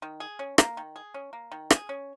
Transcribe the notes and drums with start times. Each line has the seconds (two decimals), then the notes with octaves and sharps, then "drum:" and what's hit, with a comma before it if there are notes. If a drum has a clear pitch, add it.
0.02 D#3
0.20 G#4
0.39 C#4
0.58 A#3, drum: rim click
0.77 D#3
0.96 G#4
1.14 C#4
1.33 A#3
1.52 D#3
1.70 G#4, drum: rim click
1.89 C#4